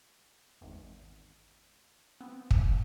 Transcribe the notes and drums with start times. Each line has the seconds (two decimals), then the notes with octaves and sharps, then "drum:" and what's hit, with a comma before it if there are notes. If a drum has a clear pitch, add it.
0.61 G#1 E2
2.20 B3 C4
2.51 drum: kick